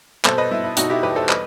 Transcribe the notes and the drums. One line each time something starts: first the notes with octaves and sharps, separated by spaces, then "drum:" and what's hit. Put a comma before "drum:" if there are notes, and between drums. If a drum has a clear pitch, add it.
B2 A4 C5, drum: clap
B4 D#5
B2 E4
E4
B2 D#4 F#4, drum: hi-hat
E4 G4
E2 G4 B4
A4 C5
B4 D#5, drum: clap